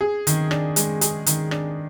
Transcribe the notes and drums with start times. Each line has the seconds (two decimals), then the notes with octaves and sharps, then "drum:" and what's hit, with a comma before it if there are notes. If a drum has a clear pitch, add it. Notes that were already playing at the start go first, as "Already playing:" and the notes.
0.01 G#4
0.27 D#3, drum: hi-hat
0.51 D4, drum: rim click
0.76 G#3, drum: hi-hat
1.01 G#4, drum: hi-hat
1.26 D#3, drum: hi-hat
1.51 D4, drum: rim click